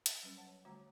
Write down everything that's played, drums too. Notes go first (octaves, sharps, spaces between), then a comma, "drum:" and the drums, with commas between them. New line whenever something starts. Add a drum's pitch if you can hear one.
A5, drum: hi-hat
F#3 G3 C#4 B4
B4 C#5 F#5 A5
D3 G3 A3 F#4 C#5 A#5